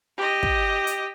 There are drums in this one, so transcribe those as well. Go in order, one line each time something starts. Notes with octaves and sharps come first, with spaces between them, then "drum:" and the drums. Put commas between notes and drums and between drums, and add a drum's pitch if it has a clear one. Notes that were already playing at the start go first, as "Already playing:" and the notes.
G4 D#5
drum: kick
drum: hi-hat